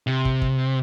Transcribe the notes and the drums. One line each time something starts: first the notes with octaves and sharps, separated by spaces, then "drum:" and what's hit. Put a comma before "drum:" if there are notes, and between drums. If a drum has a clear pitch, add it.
C3
drum: kick
drum: kick